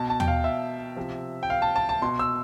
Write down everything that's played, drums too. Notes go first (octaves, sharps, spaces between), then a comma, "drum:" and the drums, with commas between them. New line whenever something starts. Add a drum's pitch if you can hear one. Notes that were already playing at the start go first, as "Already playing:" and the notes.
Already playing: B2 A5
A5
G5, drum: tom D#2
F5
E5
C3 F3
G5
F5
A5
A5
A5
B2 C6
E6